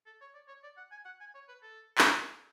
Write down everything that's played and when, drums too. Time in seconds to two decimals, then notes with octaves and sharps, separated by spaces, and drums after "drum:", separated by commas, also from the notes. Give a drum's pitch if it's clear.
0.06 A4
0.21 C#5
0.34 D5
0.48 C#5
0.63 D5
0.77 F#5
0.91 G#5
1.05 F#5
1.21 G#5
1.35 C#5
1.48 B4
1.62 A4
1.98 drum: clap
2.19 G#4